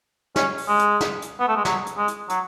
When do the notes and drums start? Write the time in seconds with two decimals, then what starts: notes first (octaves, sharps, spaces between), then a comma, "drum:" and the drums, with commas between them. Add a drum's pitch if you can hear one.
0.36 C#4, drum: snare
0.58 drum: open hi-hat
0.68 G#3
0.79 drum: hi-hat
1.01 drum: snare
1.22 drum: hi-hat
1.40 B3
1.48 A3
1.56 G#3
1.65 F#3, drum: snare
1.86 drum: hi-hat
1.97 G#3
2.08 drum: hi-hat
2.29 F#3, drum: hi-hat